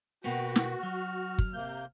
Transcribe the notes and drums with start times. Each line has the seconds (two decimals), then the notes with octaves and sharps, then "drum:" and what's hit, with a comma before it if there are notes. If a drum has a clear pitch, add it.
0.24 B2 A#3 B3 F#4 F#5 G5
0.56 drum: snare
0.83 F#3 F6
1.38 drum: kick
1.53 C3 A#3 G6